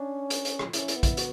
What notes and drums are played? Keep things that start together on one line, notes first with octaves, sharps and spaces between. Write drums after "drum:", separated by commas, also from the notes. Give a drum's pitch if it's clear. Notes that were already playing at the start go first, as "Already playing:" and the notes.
Already playing: C#4 D4
drum: hi-hat
drum: hi-hat
drum: rim click
C#4 E4, drum: hi-hat
E4, drum: hi-hat
B3
E4, drum: kick A#1, hi-hat
F#4, drum: hi-hat